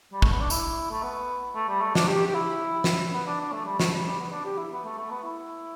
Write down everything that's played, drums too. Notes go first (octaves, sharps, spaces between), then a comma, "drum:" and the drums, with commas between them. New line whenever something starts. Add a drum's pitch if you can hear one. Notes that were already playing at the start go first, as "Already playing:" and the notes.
G3
A3, drum: kick
B3
D4
E4, drum: tambourine
A3
B3
A3
G3
A3
D4, drum: snare
G4
G4
E4
drum: snare
B3
D4
D4
A3
G3
A3, drum: snare
G3
G3
B3
D4
G4
E4
B3
A3
A3
B3
E4